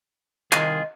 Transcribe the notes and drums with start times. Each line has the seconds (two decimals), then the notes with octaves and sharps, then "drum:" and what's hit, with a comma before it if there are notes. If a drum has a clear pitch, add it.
0.52 C2 D#3 F4 G#4 D#5, drum: clap